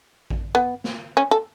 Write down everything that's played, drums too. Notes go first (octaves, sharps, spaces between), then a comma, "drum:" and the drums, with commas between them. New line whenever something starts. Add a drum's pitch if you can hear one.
drum: kick A1
B3
drum: snare
C#4
A4